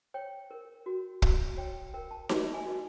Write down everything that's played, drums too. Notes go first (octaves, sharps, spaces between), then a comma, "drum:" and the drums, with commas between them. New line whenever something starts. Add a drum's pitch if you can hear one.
C#5 G5
A#4
F#4
F#4, drum: kick
C#5 G5
A#4 G5
A5
F#4 A5, drum: snare D#4
G#5
F#4 D#5